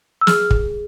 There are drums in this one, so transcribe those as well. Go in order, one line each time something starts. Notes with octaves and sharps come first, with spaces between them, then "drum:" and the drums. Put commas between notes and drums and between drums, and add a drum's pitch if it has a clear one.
E6
G#4 F6, drum: snare
drum: kick